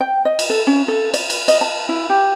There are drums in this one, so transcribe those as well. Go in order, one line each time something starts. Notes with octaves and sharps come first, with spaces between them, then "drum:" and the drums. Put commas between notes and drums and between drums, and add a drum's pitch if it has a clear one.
G5
D#5
drum: cymbal
A4
C#4
A4
D5, drum: cymbal
drum: cymbal
D#5, drum: cymbal
A5
E4
G4